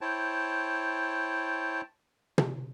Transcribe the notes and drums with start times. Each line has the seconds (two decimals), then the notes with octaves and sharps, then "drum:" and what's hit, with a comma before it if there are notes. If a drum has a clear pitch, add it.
0.01 E4 C5 C#5 G5 A5
2.38 drum: tom